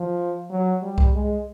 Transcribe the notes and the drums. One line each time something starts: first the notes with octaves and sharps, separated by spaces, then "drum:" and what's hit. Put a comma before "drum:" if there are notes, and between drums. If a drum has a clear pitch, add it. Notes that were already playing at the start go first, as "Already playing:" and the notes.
Already playing: F3
F#3
G3
drum: kick C2
G#3